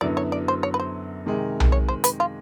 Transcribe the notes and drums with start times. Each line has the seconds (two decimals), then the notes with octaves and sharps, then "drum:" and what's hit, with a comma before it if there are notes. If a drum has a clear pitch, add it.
0.01 F#2 D3 F#3 B3 E4 D5
0.17 C#5
0.32 D5
0.48 C5
0.63 C#5
0.74 B4
0.80 C5
1.26 C3 D#3 G#3
1.60 drum: tom B1
1.72 C#5
1.89 C5
2.04 B4, drum: hi-hat
2.20 F4